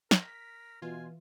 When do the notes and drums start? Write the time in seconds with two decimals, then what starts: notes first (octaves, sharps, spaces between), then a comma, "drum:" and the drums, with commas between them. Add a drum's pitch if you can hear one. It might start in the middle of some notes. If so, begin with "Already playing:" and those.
0.11 A#4 B6, drum: snare
0.82 B2 E3 F4 G#5